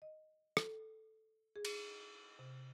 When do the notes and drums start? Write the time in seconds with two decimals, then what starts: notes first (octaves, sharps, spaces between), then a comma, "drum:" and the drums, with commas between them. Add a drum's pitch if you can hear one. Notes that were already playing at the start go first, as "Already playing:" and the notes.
0.02 D#5
0.57 A4, drum: rim click
1.56 G#4
1.65 drum: cymbal
2.39 C3